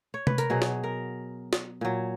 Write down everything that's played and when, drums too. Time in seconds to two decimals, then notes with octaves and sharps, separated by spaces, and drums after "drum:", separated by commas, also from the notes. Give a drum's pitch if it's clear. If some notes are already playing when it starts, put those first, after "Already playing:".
0.14 C#5
0.27 B4, drum: tom C3
0.38 A#4, drum: hi-hat
0.50 B2 F#3 G#4
0.62 drum: snare
0.84 A#4
1.53 drum: snare
1.81 A#2 F#3